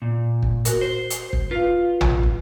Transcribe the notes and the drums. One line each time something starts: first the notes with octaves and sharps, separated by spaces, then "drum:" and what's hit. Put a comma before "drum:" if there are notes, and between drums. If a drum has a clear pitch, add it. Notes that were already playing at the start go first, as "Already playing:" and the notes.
A#2
drum: kick
F#4 A#4, drum: hi-hat
C5
drum: hi-hat
drum: kick
F4 B4 F5
drum: tom
drum: kick